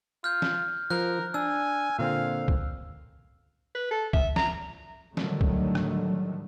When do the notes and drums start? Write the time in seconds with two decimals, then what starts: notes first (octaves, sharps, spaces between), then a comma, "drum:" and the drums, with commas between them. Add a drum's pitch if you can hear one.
0.24 F4 F6 G6
0.42 drum: snare
0.90 F3 A#4 F#6
1.34 D4 G#5 E6
1.99 A#2 D3 C4 F5
2.48 drum: kick C2
3.75 B4
3.91 A4
4.13 E5, drum: kick C2
4.36 A#5, drum: snare
5.17 A2 D3 D#3 F#3 G3 A3, drum: snare
5.41 drum: kick C2
5.75 drum: rim click